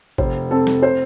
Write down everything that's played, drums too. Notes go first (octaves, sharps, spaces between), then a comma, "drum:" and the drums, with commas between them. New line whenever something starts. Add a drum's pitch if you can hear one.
F1 C5, drum: kick
C4 A4
drum: snare
C5